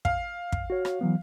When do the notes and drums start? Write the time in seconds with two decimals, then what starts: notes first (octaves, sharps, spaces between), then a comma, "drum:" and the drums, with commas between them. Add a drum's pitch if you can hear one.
0.05 F5, drum: kick
0.52 drum: kick
0.70 F#4 C#5
0.85 drum: rim click
1.01 E3 F#3 B3